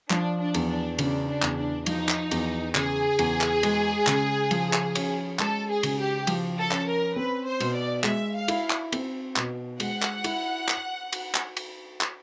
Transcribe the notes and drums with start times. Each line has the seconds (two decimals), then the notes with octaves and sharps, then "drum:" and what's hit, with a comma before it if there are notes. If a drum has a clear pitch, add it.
0.10 F3 D4, drum: clap
0.40 D4
0.54 E2, drum: cymbal
0.69 D4
0.99 C#3 D4, drum: cymbal
1.28 D4
1.42 E2, drum: clap
1.57 D4
1.86 F3 D#4, drum: cymbal
2.09 drum: clap
2.31 E2, drum: cymbal
2.75 C#3 G#4, drum: clap
3.19 E2, drum: cymbal
3.41 drum: clap
3.63 G#3, drum: cymbal
4.07 C#3, drum: clap
4.51 F3, drum: cymbal
4.73 drum: clap
4.95 C#4, drum: cymbal
5.39 G#3 A4, drum: clap
5.69 G#4
5.83 C#3, drum: cymbal
5.99 G4
6.27 F3, drum: cymbal
6.57 A4
6.71 C#4, drum: clap
6.86 A#4
7.15 C4 B4
7.45 C5
7.60 B2, drum: cymbal
7.75 D5
8.04 G#3 E5, drum: clap
8.33 F5
8.48 E4, drum: cymbal
8.70 drum: clap
8.92 C4, drum: cymbal
9.36 B2, drum: clap
9.80 G#3 F#5, drum: cymbal
10.02 drum: clap
10.24 E4, drum: cymbal
10.68 drum: clap
11.12 drum: cymbal
11.35 drum: clap
11.57 drum: cymbal
12.01 drum: clap